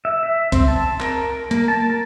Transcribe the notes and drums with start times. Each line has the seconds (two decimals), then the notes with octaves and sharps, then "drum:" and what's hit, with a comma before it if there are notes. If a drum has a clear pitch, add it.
0.05 E5
0.23 E5
0.52 C4, drum: kick C2, hi-hat
0.68 A5
1.00 A#4, drum: clap
1.51 A#3, drum: hi-hat
1.68 A5
1.90 A#4